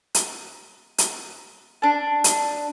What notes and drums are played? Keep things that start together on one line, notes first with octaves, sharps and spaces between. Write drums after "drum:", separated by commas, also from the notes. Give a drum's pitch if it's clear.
drum: hi-hat
drum: hi-hat
D4 A5
drum: hi-hat